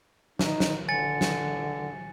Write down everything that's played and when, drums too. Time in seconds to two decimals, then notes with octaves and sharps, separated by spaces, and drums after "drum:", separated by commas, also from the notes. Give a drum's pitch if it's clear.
0.39 D#4, drum: snare
0.60 drum: snare
0.88 D3 G#5 A6 C#7
1.21 drum: snare